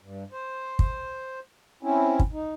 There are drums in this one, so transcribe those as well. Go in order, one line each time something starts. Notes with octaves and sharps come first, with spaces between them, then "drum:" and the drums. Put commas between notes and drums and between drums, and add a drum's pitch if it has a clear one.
G2
C5
drum: kick
C4 C#4 E4
drum: kick
D#4